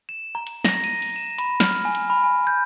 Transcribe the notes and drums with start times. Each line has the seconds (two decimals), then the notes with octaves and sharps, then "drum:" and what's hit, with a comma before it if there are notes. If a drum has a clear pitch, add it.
0.09 E7
0.35 A#5
0.47 drum: hi-hat
0.65 A#6, drum: snare
0.84 D#7, drum: hi-hat
1.02 drum: open hi-hat
1.16 E7
1.38 B5, drum: hi-hat
1.60 F6, drum: snare
1.85 G#5
1.95 drum: hi-hat
2.10 B5
2.24 G#5
2.47 G6